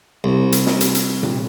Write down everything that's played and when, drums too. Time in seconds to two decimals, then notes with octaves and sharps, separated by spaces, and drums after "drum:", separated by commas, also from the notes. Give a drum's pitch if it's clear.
0.24 C2
0.52 drum: hi-hat
0.66 drum: snare
0.81 drum: hi-hat
0.95 drum: hi-hat
1.23 drum: tom A#2